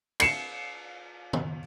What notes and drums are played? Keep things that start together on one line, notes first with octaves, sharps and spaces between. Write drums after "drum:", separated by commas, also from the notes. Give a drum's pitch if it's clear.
C7 C#7 E7, drum: cymbal
drum: tom